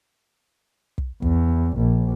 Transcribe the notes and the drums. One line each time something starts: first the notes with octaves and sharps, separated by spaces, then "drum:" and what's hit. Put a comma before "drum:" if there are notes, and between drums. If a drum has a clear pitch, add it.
drum: kick
E2, drum: kick
A#1